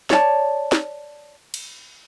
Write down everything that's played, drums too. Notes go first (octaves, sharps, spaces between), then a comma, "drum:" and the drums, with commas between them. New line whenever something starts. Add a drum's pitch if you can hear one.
C#5 D5 A5, drum: snare
drum: snare
drum: cymbal